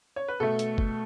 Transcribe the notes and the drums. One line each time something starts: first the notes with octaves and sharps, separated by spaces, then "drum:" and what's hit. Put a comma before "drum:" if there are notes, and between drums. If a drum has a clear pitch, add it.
C#5
B4
B2 A3 A4
drum: hi-hat
drum: kick